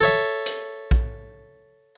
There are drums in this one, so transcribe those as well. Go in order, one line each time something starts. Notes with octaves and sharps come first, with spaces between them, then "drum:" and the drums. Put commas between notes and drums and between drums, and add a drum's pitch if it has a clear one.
A4 C#5 E5
drum: hi-hat
drum: kick A#1